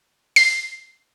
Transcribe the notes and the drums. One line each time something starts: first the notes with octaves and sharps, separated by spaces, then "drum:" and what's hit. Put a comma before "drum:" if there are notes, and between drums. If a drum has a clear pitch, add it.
C7, drum: open hi-hat